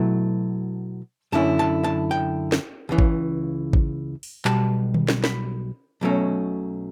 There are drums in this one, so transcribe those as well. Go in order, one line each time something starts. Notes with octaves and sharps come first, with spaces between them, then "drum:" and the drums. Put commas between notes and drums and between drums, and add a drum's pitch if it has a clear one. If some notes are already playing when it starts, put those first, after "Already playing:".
Already playing: B2 F#3 A3 E4
F#2 D3 A3 C#4 E4 A5
A5
A5
G5
drum: snare
C#2 C#3 E3
drum: kick
drum: kick
drum: open hi-hat
B1 B2 G3 A5, drum: clap
drum: tom D3
drum: snare
B5, drum: snare
B1 B2 F#3 A3 C#4